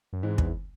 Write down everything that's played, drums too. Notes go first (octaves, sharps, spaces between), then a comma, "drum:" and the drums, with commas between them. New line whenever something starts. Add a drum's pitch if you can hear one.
F#2
G#2 E3 G#3 C4 D#4
E2, drum: kick